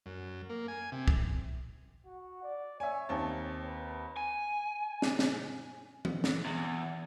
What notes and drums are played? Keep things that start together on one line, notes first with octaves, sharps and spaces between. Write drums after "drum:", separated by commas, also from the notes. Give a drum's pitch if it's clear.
F#2
A#3
G#5
C3
drum: kick
F#4
D5
C#5 E5 G#5
D#2 C4 A5
B4
G#5
drum: snare
drum: snare
drum: tom E3
drum: snare
E2